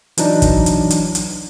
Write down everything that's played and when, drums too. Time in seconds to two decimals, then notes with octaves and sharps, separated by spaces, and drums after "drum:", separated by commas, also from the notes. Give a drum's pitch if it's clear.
0.18 E3 F#3 D4 D#4, drum: hi-hat
0.42 drum: kick, hi-hat
0.66 drum: hi-hat
0.90 drum: hi-hat
1.15 drum: hi-hat